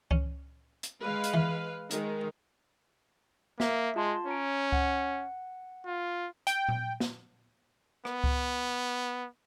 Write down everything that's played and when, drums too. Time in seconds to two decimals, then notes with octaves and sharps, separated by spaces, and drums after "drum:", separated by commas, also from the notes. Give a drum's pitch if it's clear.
0.11 C#4, drum: kick C#2
0.83 drum: hi-hat
1.01 G#3 B4 F5
1.24 drum: hi-hat
1.34 E3
1.91 D#3 G#3, drum: hi-hat
3.60 A#3 E5, drum: snare
3.96 G#3 F4 A5 C6
4.27 C#4 C#5 A#5 D7
4.72 F#5, drum: kick C#2
5.86 F4
6.47 G5, drum: hi-hat
6.69 drum: tom A#2
7.00 drum: snare
8.05 B3, drum: rim click
8.24 drum: kick C#2